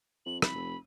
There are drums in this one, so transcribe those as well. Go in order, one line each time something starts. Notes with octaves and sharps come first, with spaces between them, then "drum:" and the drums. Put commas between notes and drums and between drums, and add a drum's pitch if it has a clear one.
F2 F#7
C2 B5, drum: rim click
F1